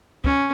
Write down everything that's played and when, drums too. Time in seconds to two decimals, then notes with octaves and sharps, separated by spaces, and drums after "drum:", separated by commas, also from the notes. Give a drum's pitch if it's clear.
0.24 C#4, drum: kick